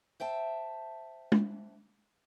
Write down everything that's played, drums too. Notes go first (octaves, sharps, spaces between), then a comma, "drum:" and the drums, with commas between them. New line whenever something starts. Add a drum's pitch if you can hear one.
C5 E5 G5 A5
drum: tom G#3